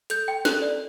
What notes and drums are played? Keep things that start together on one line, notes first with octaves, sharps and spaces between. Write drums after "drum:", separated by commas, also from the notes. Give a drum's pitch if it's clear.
A4 G6, drum: hi-hat
G5
A4 F#6, drum: snare
D5